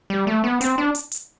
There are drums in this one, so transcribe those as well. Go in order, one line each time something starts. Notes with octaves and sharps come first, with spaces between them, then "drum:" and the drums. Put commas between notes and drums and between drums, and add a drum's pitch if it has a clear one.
G3
A3
B3
C4, drum: hi-hat
D4
drum: hi-hat
drum: hi-hat